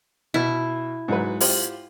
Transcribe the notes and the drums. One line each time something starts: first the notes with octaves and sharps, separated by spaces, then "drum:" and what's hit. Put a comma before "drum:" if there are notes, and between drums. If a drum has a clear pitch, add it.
B2 E4
G#2 F#3 B4
F4 G4 C5, drum: open hi-hat